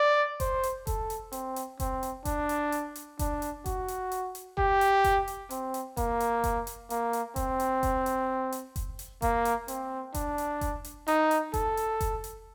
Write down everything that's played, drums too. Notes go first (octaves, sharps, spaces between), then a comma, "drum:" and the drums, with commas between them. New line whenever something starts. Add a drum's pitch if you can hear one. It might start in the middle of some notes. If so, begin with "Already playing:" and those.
Already playing: D5
C5, drum: kick F1, hi-hat
drum: hi-hat
A4, drum: kick F1, hi-hat
drum: hi-hat
C4, drum: hi-hat
drum: hi-hat
C4, drum: kick F1, hi-hat
drum: hi-hat
D4, drum: kick F1, hi-hat
drum: hi-hat
drum: hi-hat
drum: hi-hat
D4, drum: kick F1, hi-hat
drum: hi-hat
F#4, drum: kick F1, hi-hat
drum: hi-hat
drum: hi-hat
drum: hi-hat
G4, drum: kick F1
drum: hi-hat
drum: kick F1, hi-hat
drum: hi-hat
C4, drum: hi-hat
drum: hi-hat
A#3, drum: kick F1, hi-hat
drum: hi-hat
drum: kick F1, hi-hat
drum: hi-hat
A#3, drum: hi-hat
drum: hi-hat
C4, drum: kick F1, hi-hat
drum: hi-hat
drum: kick F1, hi-hat
drum: hi-hat
drum: hi-hat
drum: kick F1, hi-hat
drum: hi-hat
A#3, drum: kick F1, hi-hat
drum: hi-hat
C4, drum: hi-hat
D4, drum: kick F1, hi-hat
drum: hi-hat
drum: kick F1, hi-hat
drum: hi-hat
D#4, drum: hi-hat
drum: hi-hat
A4, drum: kick F1, hi-hat
drum: hi-hat
drum: kick F1, hi-hat
drum: hi-hat